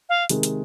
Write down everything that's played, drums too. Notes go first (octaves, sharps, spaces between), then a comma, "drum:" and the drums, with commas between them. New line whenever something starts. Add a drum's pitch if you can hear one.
F5
C3 D#3 G#3, drum: hi-hat
drum: hi-hat